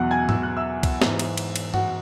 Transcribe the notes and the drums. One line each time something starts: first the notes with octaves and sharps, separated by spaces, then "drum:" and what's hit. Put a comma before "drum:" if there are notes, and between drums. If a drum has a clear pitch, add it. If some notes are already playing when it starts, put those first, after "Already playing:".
Already playing: E2 B2 F#3 F#5 F#6
G#5 G#6
E6, drum: tom
F#6
E5 E6
drum: kick C2, cymbal
G#2 E3, drum: snare
drum: cymbal
drum: cymbal
drum: cymbal
F#4 F#5, drum: tom G2